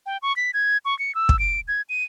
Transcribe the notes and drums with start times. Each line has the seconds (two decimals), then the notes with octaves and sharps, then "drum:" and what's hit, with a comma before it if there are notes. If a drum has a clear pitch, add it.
0.06 G5
0.22 C#6
0.36 B6
0.54 G#6
0.85 C#6
0.99 C#7
1.15 E6
1.29 drum: kick
1.39 D7
1.68 G#6
1.89 D#7